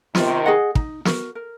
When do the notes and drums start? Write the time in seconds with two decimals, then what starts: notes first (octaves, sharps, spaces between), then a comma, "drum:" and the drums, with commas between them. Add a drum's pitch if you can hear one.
0.15 C3 D#3 F4, drum: snare
0.46 G#4 D#5 F#5
0.75 D#4, drum: kick
1.05 F#4 A#4, drum: snare
1.35 A#4